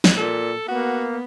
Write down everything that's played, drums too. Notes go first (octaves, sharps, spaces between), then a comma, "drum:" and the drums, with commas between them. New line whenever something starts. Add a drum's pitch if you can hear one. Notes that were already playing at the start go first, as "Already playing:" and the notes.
drum: snare
A#2 A4
A#3 B3 F#4